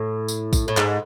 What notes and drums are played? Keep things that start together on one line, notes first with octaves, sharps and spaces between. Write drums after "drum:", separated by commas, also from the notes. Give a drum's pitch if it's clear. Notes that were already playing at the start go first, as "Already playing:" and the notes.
Already playing: A2
drum: tambourine
drum: kick A#1, tambourine
A2
G#2, drum: clap